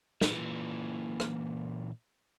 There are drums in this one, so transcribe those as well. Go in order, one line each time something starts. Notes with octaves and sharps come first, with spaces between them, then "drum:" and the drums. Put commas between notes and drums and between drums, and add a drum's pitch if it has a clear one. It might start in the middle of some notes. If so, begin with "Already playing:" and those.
A#2 E3, drum: snare
drum: rim click